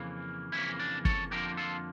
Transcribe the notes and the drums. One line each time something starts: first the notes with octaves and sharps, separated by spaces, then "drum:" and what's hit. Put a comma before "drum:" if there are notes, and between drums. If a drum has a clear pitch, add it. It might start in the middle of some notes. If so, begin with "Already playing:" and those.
Already playing: F2 C#3 E3 A#3
F2 C#3 E3 A#3 C#4 E4
D4
A4 C#5, drum: kick
F2 D3 F3 A#3 G4 A#4
F4 A4